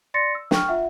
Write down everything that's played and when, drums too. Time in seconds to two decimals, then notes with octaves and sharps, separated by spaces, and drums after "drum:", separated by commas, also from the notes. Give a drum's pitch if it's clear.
0.14 D5 C6 A6 A#6 C#7
0.35 E6
0.51 G5 C#6 F6, drum: snare
0.68 F4 E5 F#5